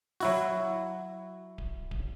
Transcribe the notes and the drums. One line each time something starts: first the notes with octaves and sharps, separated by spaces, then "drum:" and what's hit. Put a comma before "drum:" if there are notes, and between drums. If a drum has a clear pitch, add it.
F#3 E4 F#4, drum: open hi-hat
drum: kick D1
drum: kick D1